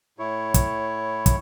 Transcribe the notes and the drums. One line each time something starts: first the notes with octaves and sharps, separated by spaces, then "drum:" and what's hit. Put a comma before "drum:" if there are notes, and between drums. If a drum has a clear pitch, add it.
A2 E4 C#5
drum: kick, hi-hat
drum: kick, hi-hat